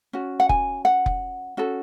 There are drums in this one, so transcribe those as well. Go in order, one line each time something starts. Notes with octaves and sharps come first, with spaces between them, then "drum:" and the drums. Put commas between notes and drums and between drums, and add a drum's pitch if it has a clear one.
C#4 F#4
F#5
G#5, drum: kick F1
F#5
drum: kick F1
C#4 F#4 A4